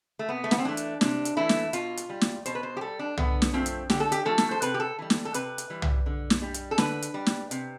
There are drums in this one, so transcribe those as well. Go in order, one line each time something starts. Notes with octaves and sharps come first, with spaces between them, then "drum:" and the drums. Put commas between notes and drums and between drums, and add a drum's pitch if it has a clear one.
A3
C3 B3
A3
B3, drum: snare
C4
E3 A3 D4
drum: hi-hat
C3 D4, drum: snare
drum: hi-hat
E3 A3 E4
drum: snare
B2 F4, drum: hi-hat
drum: hi-hat
G3
drum: snare
B2 C5, drum: hi-hat
B4
C5
G4
G3 A4
D4
D3 B3, drum: tom
drum: snare
F3 A3 C4
drum: hi-hat
D3 G4, drum: snare
A4
G4, drum: hi-hat
F3 A3 A4
drum: snare
C5
C3 B4, drum: hi-hat
G4
A4
E3 G3
drum: snare
A4
C3 B4, drum: hi-hat
drum: hi-hat
E3 G3
drum: tom
D3
drum: snare
G3
drum: hi-hat
A4
D3 B4, drum: snare
drum: hi-hat
G3
drum: snare
C3, drum: hi-hat